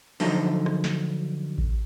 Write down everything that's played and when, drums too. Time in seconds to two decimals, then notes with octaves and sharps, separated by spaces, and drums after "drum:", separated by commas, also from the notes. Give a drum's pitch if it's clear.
0.20 D3 F3 F#3 D#4, drum: open hi-hat
0.66 drum: rim click
0.84 drum: snare
1.58 drum: kick A1